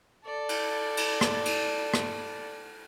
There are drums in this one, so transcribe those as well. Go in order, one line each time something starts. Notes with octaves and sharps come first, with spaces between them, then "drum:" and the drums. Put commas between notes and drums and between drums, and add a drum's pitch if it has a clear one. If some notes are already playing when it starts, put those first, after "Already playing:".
A4 D5
drum: cymbal
drum: cymbal
drum: rim click
drum: cymbal
drum: rim click